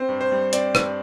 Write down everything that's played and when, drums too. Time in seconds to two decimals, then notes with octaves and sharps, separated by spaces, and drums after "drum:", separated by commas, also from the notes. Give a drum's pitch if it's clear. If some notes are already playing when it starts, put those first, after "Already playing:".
Already playing: C4 C5
0.09 G2
0.21 C5
0.32 G3
0.53 C4 D5, drum: hi-hat
0.75 G2, drum: rim click